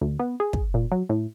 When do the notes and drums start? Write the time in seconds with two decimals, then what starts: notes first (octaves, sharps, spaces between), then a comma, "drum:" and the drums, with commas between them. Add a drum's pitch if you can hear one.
0.01 D2
0.19 B3
0.40 G#4
0.53 drum: kick
0.74 A#2
0.92 F#3
1.09 A2